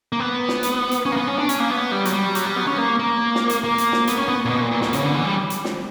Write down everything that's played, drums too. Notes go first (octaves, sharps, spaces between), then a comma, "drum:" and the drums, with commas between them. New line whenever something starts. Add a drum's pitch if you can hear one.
A#3
B3
drum: snare
drum: hi-hat
drum: hi-hat
C#4
A#3
B3
C#4
D4
C#4, drum: hi-hat
A#3
B3
G3
F#3, drum: hi-hat
G3
F#3, drum: hi-hat
G3
B3
C#4
A#3
A#3
drum: snare
drum: hi-hat
A#3
drum: hi-hat
drum: snare
B3, drum: hi-hat
C#4
B3
A#2
B2
A#2
A#2
B2, drum: snare
C#3, drum: hi-hat
D3
E3
G3
drum: hi-hat
drum: snare